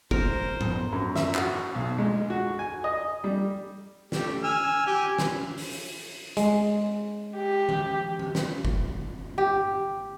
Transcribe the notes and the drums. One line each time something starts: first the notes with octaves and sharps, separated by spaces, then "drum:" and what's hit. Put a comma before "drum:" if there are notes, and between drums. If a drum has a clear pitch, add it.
A#4 C5, drum: kick
drum: tom G#2
F#2
E5, drum: snare
F#4, drum: clap
B1
G#3
F#4
G#5
D#5
G3
A3 G4, drum: snare
G#5 E6 F6
G4 G#5
drum: snare
drum: open hi-hat
G#3, drum: hi-hat
G4
drum: tom E3
drum: tom E3
drum: snare
drum: kick
G4